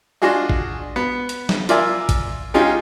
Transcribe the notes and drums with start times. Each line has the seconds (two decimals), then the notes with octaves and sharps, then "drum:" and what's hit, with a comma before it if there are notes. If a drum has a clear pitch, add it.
0.22 D4 F4 F#4 G#4 D#5
0.49 drum: kick A1
0.96 B3
1.29 drum: hi-hat
1.49 drum: snare
1.69 F4 A#4 D5 E5 G#5 A#5, drum: hi-hat
2.09 drum: kick A1, hi-hat
2.54 G#3 C#4 D#4 F4 G4 G#4